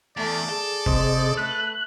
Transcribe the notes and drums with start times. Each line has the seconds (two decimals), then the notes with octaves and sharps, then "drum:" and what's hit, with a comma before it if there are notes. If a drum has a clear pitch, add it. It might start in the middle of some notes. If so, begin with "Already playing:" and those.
0.17 E2 A3 D5
0.49 G#4 A4
0.86 C3 C5 D#5, drum: kick
1.37 A3 B4 F#6